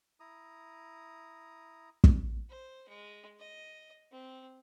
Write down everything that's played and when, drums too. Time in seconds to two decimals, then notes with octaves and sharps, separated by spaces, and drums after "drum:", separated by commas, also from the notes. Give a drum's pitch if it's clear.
0.20 E4 A#5 D#6
2.04 drum: kick
2.49 C5
2.88 G#3
3.39 D#5
4.11 C4